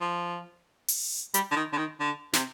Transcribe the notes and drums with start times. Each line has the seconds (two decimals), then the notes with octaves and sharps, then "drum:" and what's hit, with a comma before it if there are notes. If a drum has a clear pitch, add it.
0.01 F3
0.88 drum: open hi-hat
1.34 G3, drum: hi-hat
1.51 D3
1.56 D#3
1.73 D3
1.77 D#3
2.00 D3
2.33 C3, drum: snare